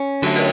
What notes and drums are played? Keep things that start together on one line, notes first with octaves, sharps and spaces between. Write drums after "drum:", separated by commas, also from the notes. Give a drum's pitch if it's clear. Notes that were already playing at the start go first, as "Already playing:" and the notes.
Already playing: C#4
D3 F#3 A3, drum: cymbal
drum: cymbal